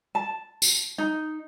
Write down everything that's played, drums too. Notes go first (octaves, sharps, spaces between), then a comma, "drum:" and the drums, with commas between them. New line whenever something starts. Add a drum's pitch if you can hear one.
A5
drum: tambourine
D#4